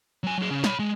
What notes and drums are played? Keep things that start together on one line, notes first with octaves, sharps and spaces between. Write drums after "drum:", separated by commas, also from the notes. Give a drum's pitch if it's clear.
F#3 G#5
F#3 G#4
C#3
C#5 B5, drum: snare
G#3